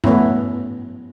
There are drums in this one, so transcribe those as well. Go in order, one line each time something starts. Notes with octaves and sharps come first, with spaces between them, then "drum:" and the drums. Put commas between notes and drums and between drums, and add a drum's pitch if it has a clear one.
A3 B3 C#4 E4, drum: tom G2